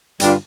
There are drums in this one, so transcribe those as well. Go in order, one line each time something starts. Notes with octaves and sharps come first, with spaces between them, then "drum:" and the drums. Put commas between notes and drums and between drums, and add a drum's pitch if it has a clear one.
G2 D3 G3 D4 F4, drum: hi-hat